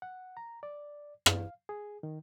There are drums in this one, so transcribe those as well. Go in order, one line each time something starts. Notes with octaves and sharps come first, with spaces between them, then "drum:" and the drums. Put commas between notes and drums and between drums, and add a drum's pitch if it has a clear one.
F#5
A#5
D5
F5, drum: rim click
G#4
D#3